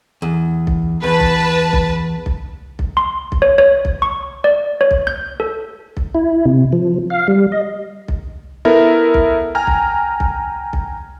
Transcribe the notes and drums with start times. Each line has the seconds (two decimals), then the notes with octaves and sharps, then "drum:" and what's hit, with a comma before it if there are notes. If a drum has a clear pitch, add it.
0.22 E2
0.67 drum: kick B1
1.04 E2 B4 A5
1.20 drum: kick B1
1.73 drum: kick B1
2.26 drum: kick B1
2.79 drum: kick B1
2.97 C6
3.32 drum: kick B1
3.42 C#5
3.58 C#5
3.85 drum: kick B1
4.02 C#6
4.44 D5
4.81 C#5
4.91 drum: kick B1
5.07 G6
5.40 A4
5.97 drum: kick B1
6.15 E4
6.45 C3
6.72 F3
7.10 F5
7.28 G3
7.52 D#5
8.08 drum: kick B1
8.65 B3 E4 A4 A#4 E5
9.14 drum: kick B1
9.55 G5 G#5 A#5 F6
9.67 drum: kick B1
10.20 drum: kick B1
10.73 drum: kick B1